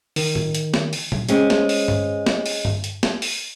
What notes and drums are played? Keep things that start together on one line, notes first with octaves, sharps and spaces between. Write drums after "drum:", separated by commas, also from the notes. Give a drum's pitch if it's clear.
D#3, drum: open hi-hat
drum: tom A2
drum: hi-hat
drum: snare
drum: open hi-hat
drum: tom A#2
G#3 C4 C#4, drum: hi-hat
drum: snare
drum: open hi-hat
drum: tom G2
drum: snare
drum: open hi-hat
drum: tom G2
drum: hi-hat
drum: snare
drum: open hi-hat